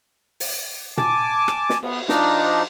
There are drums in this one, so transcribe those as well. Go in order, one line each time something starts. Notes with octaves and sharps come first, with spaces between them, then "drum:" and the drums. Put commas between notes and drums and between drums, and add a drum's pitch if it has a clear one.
drum: open hi-hat
G#5 A5 D6, drum: tom
drum: rim click
drum: snare
B3, drum: cymbal
F3 D4 D#4, drum: snare